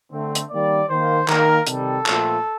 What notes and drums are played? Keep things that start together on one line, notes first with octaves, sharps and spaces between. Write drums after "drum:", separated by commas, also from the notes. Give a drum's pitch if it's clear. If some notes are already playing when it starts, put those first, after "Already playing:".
D3 A3 C4
drum: hi-hat
D#3 G3 A#3 D5
D#3 A#3 C5
D#3 A#3 A#4, drum: clap
C3 D#3 G3 A4, drum: hi-hat
A#2 F3 A3 C4, drum: clap